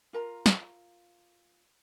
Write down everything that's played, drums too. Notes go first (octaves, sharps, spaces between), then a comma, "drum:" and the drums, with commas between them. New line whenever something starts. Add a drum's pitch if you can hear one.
F4 A#4 A#5
drum: snare